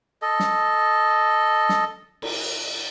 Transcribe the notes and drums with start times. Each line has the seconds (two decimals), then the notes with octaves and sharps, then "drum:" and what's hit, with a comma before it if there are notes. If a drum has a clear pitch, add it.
0.22 A4 D#5
0.40 drum: snare
1.69 drum: snare
2.22 drum: cymbal